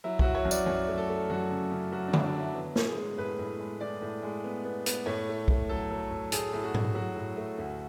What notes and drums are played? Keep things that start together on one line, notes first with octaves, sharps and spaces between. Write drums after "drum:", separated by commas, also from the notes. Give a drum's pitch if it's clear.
F#3 E4
F#3 F#4, drum: kick
C#5
F#2
D5, drum: tambourine
F#2 C#5
A3
A4
A3
F#2 F#4
C#3
C#3
F#3 F#4
D4
F#3, drum: tom D3
D4
F#3
E4
B3
A2, drum: snare
G#4
G#3
A2 B4
A2
G#3
A2 D5
A2
G#3
B3
B3
B3, drum: hi-hat
A2 C#5
A3
A3, drum: kick
F#3 A4
F#3
A2
A2 G#4, drum: hi-hat
A2
F#4
A2, drum: tom G#2
F#3 F#4
A2
A3
D2